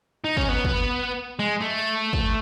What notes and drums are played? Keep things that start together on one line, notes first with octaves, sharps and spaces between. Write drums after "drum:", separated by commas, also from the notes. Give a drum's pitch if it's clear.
D#4
C#4, drum: kick
B3
drum: kick
G#3
A3
drum: kick